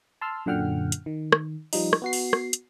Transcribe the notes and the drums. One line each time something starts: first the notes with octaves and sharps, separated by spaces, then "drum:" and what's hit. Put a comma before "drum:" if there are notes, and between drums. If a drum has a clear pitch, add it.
A5 C6 E6 F6
F#2 A#2 D3 F#5 G5 F6
drum: hi-hat
D#3
drum: rim click
F3 G3 D#4, drum: open hi-hat
drum: rim click
B3 F#4 C7
drum: open hi-hat
drum: rim click
drum: hi-hat